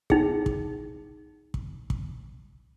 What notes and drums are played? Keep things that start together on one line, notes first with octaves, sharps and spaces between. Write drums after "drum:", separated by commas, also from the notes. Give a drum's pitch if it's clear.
D#4 G#4, drum: kick
drum: kick
drum: kick
drum: kick